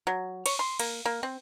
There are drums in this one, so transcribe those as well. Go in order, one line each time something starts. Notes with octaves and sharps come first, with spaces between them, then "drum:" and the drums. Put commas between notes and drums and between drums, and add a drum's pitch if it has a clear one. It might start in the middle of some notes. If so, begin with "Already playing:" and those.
F#3
C#5, drum: cymbal
C6
A#3, drum: cymbal
A#3
C4